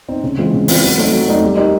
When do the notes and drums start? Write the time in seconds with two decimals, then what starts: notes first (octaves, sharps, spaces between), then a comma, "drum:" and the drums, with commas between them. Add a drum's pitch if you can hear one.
0.08 C4 D#4
0.23 C#3
0.37 E3 G#3 C4 F4
0.53 C#3
0.68 E3 G#3 C4 F4, drum: open hi-hat
0.83 F#3
0.98 A3 C4 D#4
1.12 F#3
1.27 A3 C4 D#4
1.43 G3
1.57 A#3 D#4 G4